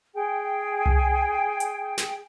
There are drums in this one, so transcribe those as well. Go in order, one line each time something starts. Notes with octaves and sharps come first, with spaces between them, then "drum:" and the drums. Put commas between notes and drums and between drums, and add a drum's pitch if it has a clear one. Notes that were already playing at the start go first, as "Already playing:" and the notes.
G#4 G5
drum: tom C2
drum: hi-hat
drum: snare